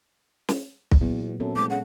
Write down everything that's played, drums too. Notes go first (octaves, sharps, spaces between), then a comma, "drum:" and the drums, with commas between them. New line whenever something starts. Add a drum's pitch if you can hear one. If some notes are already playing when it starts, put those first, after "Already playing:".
drum: snare
drum: kick
E2 A#2 F#3 B3
F#2 B3 C4 A4
F1 G#3 D6
C#3 F#5